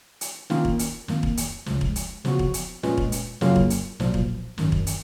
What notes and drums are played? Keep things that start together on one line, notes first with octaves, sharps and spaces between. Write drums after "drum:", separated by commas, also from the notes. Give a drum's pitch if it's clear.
drum: hi-hat
D#3 A#3 C#4 F4, drum: snare
drum: kick E1
drum: hi-hat
F2 D#3 A#3, drum: snare
drum: kick E1
drum: hi-hat
C#2 C#3 F3, drum: snare
drum: kick E1
drum: hi-hat
C#3 F3 B3 F#4, drum: snare
drum: kick E1
drum: hi-hat
A#2 G#3 C#4 F4 B4, drum: snare
drum: kick E1
drum: hi-hat
F#2 C#3 F#3 A#3 F4, drum: snare
drum: kick E1
drum: hi-hat
B1 A#2 F3, drum: snare
drum: kick E1
G#1 F#2 D#3, drum: snare
drum: kick E1
drum: hi-hat